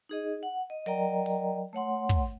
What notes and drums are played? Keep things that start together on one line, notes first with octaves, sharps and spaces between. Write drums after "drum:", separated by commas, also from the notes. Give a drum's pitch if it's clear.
D#4 G#4 D#5
F#5
D#5
F#3 A#4 D5 D#5 G5 A#5, drum: hi-hat
drum: open hi-hat
A3 C#5 F#5 C6
drum: kick, hi-hat